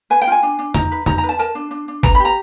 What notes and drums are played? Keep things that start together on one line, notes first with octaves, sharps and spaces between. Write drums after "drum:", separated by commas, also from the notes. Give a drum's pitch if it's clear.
B4 G#5
G5
F4 G#5
D4
D4
D#4 A#5, drum: tom E2
B4
D#4 A#5, drum: tom E2
A#5
B4
A5
A#4 A5
D4
D4
D4
B4 A#5, drum: kick G#1
B5
G4
A#5